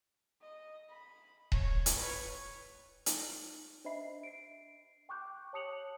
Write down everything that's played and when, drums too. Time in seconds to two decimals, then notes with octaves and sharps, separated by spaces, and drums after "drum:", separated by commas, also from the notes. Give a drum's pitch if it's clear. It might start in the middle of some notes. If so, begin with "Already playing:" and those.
0.42 D#5
0.89 B5
1.52 C#5, drum: kick D#1
1.86 drum: hi-hat
1.96 B4 C#5
3.06 D#4 F#7, drum: hi-hat
3.84 D4 C5 D#5 E5 B5 C7
4.23 C7 D7
5.09 G5 C#6 D6 F#6 G6
5.53 C#5 A5 D#6 C#7 F7 F#7